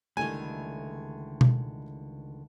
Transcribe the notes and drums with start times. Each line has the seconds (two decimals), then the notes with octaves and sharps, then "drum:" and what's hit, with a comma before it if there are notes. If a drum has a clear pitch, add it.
0.17 C#2 D3 D#3 G3 A3 E4 G#5
1.41 drum: tom B2